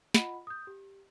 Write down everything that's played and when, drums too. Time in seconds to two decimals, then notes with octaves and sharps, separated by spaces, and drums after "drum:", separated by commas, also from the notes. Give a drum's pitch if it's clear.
0.14 F4 D#5 F#5 B5, drum: snare
0.47 D#6 G6
0.67 G4